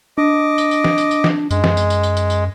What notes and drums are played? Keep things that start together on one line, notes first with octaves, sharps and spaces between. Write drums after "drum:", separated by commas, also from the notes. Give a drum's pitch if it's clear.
D4 D#5 D6
drum: tambourine
drum: tambourine
drum: snare
drum: tambourine
drum: tambourine
drum: snare
F#2 G#3, drum: tambourine
drum: snare
drum: tambourine
drum: tambourine
drum: tambourine
drum: tambourine
drum: tambourine